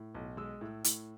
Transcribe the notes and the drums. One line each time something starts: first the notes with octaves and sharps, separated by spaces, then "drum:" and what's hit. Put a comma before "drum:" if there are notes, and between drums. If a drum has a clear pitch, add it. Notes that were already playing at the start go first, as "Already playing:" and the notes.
Already playing: A2
B1
G#3 E6
A2
A2, drum: hi-hat